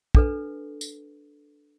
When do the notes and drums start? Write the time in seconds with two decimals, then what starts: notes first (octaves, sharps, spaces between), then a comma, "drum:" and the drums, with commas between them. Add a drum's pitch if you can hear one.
0.15 D4 A4 B4, drum: kick
0.81 drum: tambourine